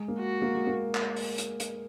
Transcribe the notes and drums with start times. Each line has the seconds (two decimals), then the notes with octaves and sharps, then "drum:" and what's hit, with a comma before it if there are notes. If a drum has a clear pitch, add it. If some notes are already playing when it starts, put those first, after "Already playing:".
Already playing: G#3
0.08 A#3
0.19 F#4
0.42 A#3
0.55 G#3
0.67 A#3
0.95 drum: clap
1.16 drum: open hi-hat
1.38 drum: hi-hat
1.60 drum: hi-hat